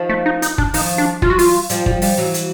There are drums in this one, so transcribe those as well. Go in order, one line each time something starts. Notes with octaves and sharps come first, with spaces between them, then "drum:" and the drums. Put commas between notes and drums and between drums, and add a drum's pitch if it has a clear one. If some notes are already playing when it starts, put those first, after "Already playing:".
Already playing: D#3 F3
A3
D#4
D#4, drum: hi-hat
D4, drum: kick
D#3 F3 D#4, drum: open hi-hat
D4
E3 F#3 F4, drum: kick
F#4
F4, drum: open hi-hat
F3 G3, drum: hi-hat
F3 G3, drum: kick
F3 G3, drum: open hi-hat
E3 F#3
drum: hi-hat